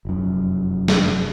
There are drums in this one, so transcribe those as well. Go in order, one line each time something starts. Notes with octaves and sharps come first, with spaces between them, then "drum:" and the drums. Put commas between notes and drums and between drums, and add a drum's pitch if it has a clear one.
F1 F#2
drum: snare